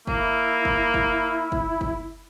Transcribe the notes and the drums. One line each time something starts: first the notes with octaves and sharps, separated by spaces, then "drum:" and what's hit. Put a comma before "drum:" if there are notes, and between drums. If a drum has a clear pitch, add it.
A#3 E4, drum: kick
drum: kick
drum: kick
drum: kick
drum: kick